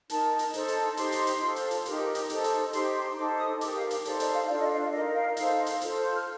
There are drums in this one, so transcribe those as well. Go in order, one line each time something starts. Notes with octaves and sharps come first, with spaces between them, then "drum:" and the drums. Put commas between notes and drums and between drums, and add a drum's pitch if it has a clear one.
D#4 A#4 A5, drum: hi-hat
drum: hi-hat
D#4 A4 C5, drum: hi-hat
drum: hi-hat
D#4 G4 C5 C6, drum: hi-hat
drum: hi-hat
drum: hi-hat
F4 A4 C5
drum: hi-hat
drum: hi-hat
D#4 G4 A#4, drum: hi-hat
drum: hi-hat
D#4 A4 C5, drum: hi-hat
drum: hi-hat
D#4 G4 C5 C6, drum: hi-hat
C6
D#4 A4 C5 D6
D#6
D#4 G4 A#4 D6, drum: hi-hat
F5
drum: hi-hat
D#4 A4 C5 D5, drum: hi-hat
D5, drum: hi-hat
F5
D4 F4 A4 D5
D#5
F5
D5
D#4 A#4 D#5
F5
D#4 A4 C5, drum: hi-hat
drum: hi-hat
F4 A4 C5, drum: hi-hat
G6
F6